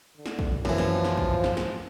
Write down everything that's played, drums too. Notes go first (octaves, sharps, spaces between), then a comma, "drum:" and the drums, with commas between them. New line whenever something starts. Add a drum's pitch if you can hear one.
D3
drum: snare
drum: kick
drum: tom
F#2 E3 F3, drum: snare
drum: snare
drum: snare
drum: kick
drum: tom G2
drum: snare
drum: snare